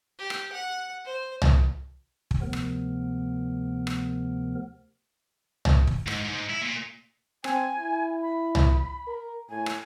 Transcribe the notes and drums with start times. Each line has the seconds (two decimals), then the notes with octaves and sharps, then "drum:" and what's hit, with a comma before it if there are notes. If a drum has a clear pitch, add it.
0.19 G4
0.30 drum: rim click
0.52 F#5
1.05 C5
1.42 drum: tom
2.31 drum: kick
2.42 D2 C3 F3 B3 A#4
2.53 drum: rim click
3.87 drum: rim click
5.65 drum: tom
5.87 drum: kick
6.08 G#2, drum: rim click
6.25 G#2
6.50 E4
6.62 A#2
7.44 C4 G#5, drum: rim click
7.78 E4
8.22 B5
8.55 drum: tom
9.07 A#4
9.50 A2 G#5
9.66 drum: rim click